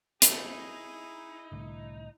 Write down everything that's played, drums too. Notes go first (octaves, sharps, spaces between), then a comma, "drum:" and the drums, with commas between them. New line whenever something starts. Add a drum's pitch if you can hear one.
D#4 E4 G#4, drum: hi-hat
C2 A2 D3